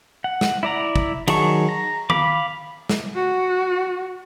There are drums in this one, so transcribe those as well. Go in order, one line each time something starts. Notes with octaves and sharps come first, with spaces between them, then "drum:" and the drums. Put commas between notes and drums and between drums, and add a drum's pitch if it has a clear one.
F#5
drum: snare
E4 D5 A#5
drum: kick
D#3 F#3 G#4 A5 C#6, drum: cymbal
A#5
F5 B5 D6, drum: tom D#3
drum: snare
F#4